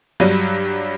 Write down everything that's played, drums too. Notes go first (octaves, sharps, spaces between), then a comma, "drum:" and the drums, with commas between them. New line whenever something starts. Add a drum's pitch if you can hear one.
G2 F#3 G3, drum: open hi-hat